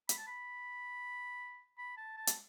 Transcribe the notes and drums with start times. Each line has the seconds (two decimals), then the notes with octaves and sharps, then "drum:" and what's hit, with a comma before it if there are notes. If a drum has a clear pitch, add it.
0.09 B5, drum: hi-hat
0.18 A5
0.27 B5
1.78 B5
1.97 A5
2.17 A5
2.27 drum: hi-hat